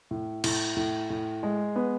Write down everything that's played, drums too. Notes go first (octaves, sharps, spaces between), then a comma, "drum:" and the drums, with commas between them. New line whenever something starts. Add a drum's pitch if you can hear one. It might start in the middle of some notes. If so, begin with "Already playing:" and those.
A2
A2, drum: cymbal
A2
A2
G#3
B3